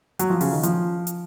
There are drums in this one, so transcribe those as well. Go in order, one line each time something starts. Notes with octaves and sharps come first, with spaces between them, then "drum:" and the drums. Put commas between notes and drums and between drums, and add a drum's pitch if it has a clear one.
F#3, drum: hi-hat
F3
C#3, drum: open hi-hat
D#3
F3, drum: hi-hat
drum: hi-hat